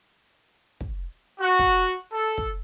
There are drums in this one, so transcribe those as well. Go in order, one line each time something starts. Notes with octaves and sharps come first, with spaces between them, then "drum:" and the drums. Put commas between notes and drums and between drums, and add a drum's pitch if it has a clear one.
drum: kick
F#4
drum: kick
A4
drum: kick